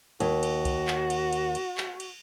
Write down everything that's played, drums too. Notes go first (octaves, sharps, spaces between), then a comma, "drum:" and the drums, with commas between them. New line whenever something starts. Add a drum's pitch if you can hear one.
D#2 F#4, drum: cymbal
drum: cymbal
drum: kick C2, cymbal
drum: clap
drum: cymbal
drum: cymbal
drum: cymbal
drum: clap
drum: cymbal